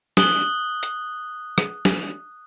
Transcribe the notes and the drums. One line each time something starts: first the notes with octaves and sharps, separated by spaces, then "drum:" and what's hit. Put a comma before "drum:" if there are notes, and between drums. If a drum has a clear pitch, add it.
D#6 F#6 F#7 G7, drum: snare
drum: hi-hat
drum: rim click
drum: snare